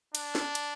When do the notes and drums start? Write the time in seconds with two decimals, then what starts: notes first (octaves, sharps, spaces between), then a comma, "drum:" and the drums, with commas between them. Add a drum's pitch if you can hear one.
0.15 D4, drum: cymbal
0.35 drum: snare
0.55 drum: cymbal